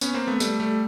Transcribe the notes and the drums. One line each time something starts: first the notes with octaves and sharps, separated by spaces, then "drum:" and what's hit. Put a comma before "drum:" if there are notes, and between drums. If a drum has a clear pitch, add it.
B3 C#4, drum: tambourine
A#3 C4
A3 B3
G3 A3, drum: tambourine
G3 A3